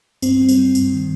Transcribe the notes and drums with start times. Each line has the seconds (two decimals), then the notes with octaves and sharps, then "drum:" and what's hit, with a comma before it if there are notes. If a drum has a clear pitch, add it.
0.22 G2 C4, drum: tambourine
0.41 G3
0.49 C4, drum: tambourine
0.58 G3
0.75 G2, drum: tambourine
0.92 D#3